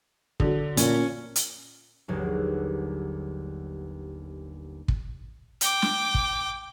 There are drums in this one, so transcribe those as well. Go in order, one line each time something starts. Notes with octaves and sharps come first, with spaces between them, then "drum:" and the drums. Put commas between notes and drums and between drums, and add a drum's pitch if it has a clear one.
D3 F#3, drum: kick
A#2 C#4, drum: hi-hat
drum: hi-hat
G1 D#2 F#3 G#4
drum: kick
G5 D6, drum: hi-hat
drum: snare
drum: kick